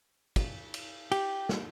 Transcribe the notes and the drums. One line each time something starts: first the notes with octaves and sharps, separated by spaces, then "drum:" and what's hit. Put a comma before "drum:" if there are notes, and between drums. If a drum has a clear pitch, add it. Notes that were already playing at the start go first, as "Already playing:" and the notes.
drum: kick, cymbal
drum: cymbal
G4, drum: cymbal
drum: snare